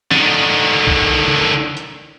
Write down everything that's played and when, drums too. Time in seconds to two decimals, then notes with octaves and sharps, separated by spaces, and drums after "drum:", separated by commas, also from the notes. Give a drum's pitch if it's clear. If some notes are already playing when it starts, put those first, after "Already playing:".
0.11 D3 D#3, drum: snare
0.87 drum: kick B1
1.28 drum: tom C#3
1.77 drum: hi-hat